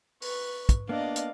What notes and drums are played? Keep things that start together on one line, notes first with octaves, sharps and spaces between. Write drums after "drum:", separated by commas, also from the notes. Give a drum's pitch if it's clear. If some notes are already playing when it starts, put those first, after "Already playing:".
B4 C#6, drum: open hi-hat
drum: kick, hi-hat
A#3 B3 D4 D5 D#5 F5
drum: hi-hat